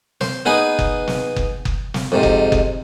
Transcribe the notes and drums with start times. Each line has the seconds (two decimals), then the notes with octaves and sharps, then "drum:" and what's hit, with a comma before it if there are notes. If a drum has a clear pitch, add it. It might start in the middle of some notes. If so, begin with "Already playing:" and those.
0.21 C5, drum: snare
0.46 B3 D#4 G#4 B4
0.79 drum: kick F#1
1.07 drum: snare
1.36 drum: kick F#1
1.65 drum: kick F#1
1.94 drum: snare
2.12 F2 G#2 C3
2.23 drum: kick F#1
2.52 drum: kick F#1